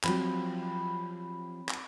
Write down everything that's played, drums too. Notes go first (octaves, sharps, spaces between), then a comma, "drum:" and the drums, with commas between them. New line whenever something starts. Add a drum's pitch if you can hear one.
F3 F#3 C4 G4 B5, drum: clap
drum: clap